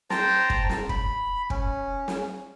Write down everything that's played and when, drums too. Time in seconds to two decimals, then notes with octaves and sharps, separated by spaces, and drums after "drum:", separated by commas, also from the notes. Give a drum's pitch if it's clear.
0.10 C5 G5 A5 A#5, drum: snare
0.50 drum: kick
0.69 drum: snare
0.89 B5, drum: kick
1.50 C#4, drum: kick
2.08 drum: snare